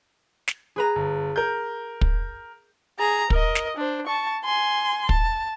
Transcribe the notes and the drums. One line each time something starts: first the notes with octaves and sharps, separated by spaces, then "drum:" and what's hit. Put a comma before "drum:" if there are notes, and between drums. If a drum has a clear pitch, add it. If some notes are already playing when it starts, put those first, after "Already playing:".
drum: snare
G#4 B4 A#5
G1
A#4 G6
drum: kick
G#4 A#5
A#4 D#5, drum: kick
drum: snare
D4 C5
A5 C#6
G#5 C6
A5, drum: kick